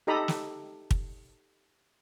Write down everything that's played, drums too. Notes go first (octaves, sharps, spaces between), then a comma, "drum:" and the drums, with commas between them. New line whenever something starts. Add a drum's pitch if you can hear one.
D#4 G4 A4 D#5 A#5 B5
drum: snare
drum: kick